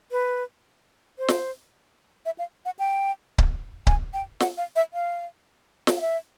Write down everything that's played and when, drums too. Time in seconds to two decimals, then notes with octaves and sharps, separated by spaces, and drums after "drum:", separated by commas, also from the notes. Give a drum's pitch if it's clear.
0.12 B4
1.18 C5
1.28 drum: snare
2.26 E5
2.38 F5
2.65 F#5
2.79 G5
3.38 drum: kick C#1
3.87 G#5, drum: kick C#1
4.13 G5
4.40 F#5, drum: snare
4.57 F5
4.76 E5
4.94 F5
5.87 drum: snare
5.96 F5
6.01 E5